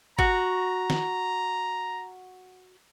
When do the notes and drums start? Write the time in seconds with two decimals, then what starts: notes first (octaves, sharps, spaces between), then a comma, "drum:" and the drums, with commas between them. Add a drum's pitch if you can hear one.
0.19 F#4 A#5, drum: kick
0.90 drum: snare